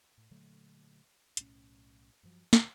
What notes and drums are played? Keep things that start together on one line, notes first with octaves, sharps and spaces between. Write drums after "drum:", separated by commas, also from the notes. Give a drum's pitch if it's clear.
A2
A#2 D3 F#3 A3
B1 A2 C#4, drum: hi-hat
G2 F3 F#3
C#2 A#2 D3, drum: snare